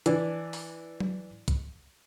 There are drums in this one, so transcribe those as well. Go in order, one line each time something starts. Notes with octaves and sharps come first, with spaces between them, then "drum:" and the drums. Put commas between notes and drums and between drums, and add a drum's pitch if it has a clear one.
E3 D4, drum: hi-hat
drum: open hi-hat
drum: tom F#3
drum: kick C2, hi-hat